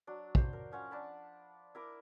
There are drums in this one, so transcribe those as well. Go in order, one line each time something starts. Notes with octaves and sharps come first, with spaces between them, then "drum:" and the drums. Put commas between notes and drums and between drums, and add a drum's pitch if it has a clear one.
F#3 D4
C5, drum: kick
A#4
F3 C#4 F#5 A#5
D4 A5 B5
E4 A#4 D6